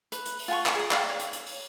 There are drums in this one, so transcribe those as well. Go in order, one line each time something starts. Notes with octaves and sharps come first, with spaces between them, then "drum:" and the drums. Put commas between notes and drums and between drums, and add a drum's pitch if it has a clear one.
B4, drum: hi-hat
drum: hi-hat
drum: open hi-hat
F4 F#5 G#5 C#6
drum: clap
G#4 D#6
D5 F5 G5, drum: clap
C#5
drum: hi-hat
drum: hi-hat
drum: open hi-hat